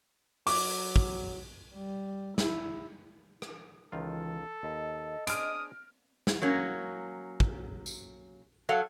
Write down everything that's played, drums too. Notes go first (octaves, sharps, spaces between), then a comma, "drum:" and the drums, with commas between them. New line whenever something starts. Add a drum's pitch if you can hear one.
F#3 D6, drum: open hi-hat
drum: kick
G3
E4, drum: snare
drum: rim click
C#2 D#3 E3 F4 A4
D#2 D#5
D4 G#4 C5 D#6 F6 D7, drum: hi-hat
drum: snare
F#3 A#3 C#4
drum: kick
drum: tambourine
F#3 A4 F5 F#5